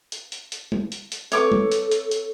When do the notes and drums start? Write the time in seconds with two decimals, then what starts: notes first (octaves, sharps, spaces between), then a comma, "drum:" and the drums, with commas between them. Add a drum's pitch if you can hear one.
0.12 drum: hi-hat
0.32 drum: hi-hat
0.52 drum: hi-hat
0.72 drum: tom
0.92 drum: hi-hat
1.12 drum: hi-hat
1.32 C4 A4 B4 C#5 D6, drum: hi-hat
1.52 drum: tom
1.72 drum: hi-hat
1.91 drum: hi-hat
2.11 drum: hi-hat